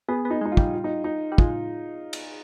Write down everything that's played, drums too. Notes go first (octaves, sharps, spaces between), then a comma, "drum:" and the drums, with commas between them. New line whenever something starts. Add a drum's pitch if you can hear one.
B3 G#4
B3
D#4
G#3 D#4
F4
G3, drum: kick
F4
D#4
D#4
G3
G#3 F4, drum: kick
drum: cymbal